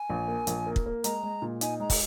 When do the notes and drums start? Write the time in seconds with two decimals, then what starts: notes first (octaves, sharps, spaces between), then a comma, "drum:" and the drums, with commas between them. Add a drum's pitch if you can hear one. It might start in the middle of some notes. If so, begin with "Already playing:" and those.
Already playing: G#5
0.10 A#1
0.28 A#3
0.47 A#1, drum: hi-hat
0.67 A#3
0.76 drum: kick
0.86 A#3
1.04 G#3 A#5, drum: hi-hat
1.23 G#3
1.42 A#2
1.61 D#4 G#5, drum: hi-hat
1.80 G#3 A#5
1.90 drum: kick, open hi-hat